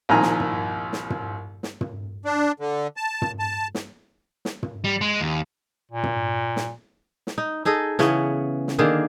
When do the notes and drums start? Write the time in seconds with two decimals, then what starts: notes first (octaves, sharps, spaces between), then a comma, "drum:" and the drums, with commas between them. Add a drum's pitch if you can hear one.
0.09 C2 A#2 D#3 F3 G#5 A#5
0.22 drum: snare
0.40 drum: tom
0.93 drum: snare
1.10 drum: tom
1.63 drum: snare
1.81 drum: tom
2.25 D4
2.60 D3
2.97 A5
3.22 drum: tom
3.39 A5
3.75 drum: snare
4.45 drum: snare
4.63 drum: tom
4.84 G3
5.01 G#3
5.20 D#2
5.92 A#2
6.04 drum: tom
6.56 drum: snare
7.27 drum: snare
7.38 D#4
7.65 D#4 G#4 A4 D#5
7.99 C#3 E3 B3 C#4, drum: snare
8.68 drum: snare
8.78 D3 D#3 A#3 G#4